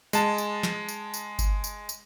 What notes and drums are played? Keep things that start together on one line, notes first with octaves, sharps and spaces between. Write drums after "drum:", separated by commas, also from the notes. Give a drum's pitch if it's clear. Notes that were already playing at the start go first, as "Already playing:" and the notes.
G#3 A5, drum: tambourine
drum: tambourine
drum: snare
drum: tambourine
drum: tambourine
drum: kick G1, tambourine
drum: tambourine
drum: tambourine